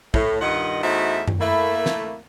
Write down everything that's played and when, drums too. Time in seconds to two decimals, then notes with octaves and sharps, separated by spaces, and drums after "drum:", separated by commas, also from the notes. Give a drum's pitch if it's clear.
0.14 A2, drum: kick
0.41 G2 D#3 F4 D#5 F#5
0.83 E2 A3 D#4 F#4 C5 E5
1.28 drum: tom F#2
1.40 A3 A#3 E4
1.86 drum: snare